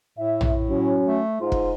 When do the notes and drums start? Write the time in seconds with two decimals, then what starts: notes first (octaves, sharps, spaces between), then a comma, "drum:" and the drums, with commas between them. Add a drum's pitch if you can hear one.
0.19 A2 E5
0.41 drum: tom A#1
0.70 F#3 C#4
1.06 A3
1.41 G#2 F4
1.52 drum: kick F1